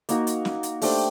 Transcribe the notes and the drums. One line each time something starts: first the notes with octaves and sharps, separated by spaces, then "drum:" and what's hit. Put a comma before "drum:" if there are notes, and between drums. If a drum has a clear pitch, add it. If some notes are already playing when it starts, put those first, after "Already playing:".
A#3 D#4 F#4 A#4, drum: hi-hat
drum: hi-hat
drum: snare
drum: hi-hat
A3 D4 G4 C5, drum: open hi-hat